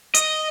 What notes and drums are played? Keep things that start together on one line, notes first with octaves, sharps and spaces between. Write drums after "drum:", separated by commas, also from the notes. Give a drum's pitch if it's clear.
D#5, drum: hi-hat